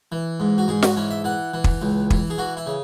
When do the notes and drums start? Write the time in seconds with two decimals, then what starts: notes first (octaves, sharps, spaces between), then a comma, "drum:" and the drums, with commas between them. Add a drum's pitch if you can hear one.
0.12 E3
0.40 G#2
0.58 F#4
0.68 G#2 G#4
0.82 F#4, drum: snare
0.96 E3 C#4
1.11 E5
1.24 E3 F#5
1.54 E3
1.64 drum: kick
1.82 C#2
2.10 E3, drum: kick
2.30 G#4
2.38 E3 F#4
2.57 E4
2.66 C#3